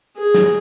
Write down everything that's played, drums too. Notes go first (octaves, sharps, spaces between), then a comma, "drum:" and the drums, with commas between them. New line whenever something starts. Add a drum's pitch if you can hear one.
G#4
drum: snare